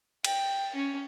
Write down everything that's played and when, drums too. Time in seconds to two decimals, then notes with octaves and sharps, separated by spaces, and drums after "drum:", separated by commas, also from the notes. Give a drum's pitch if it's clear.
0.24 G5, drum: cymbal
0.75 C#4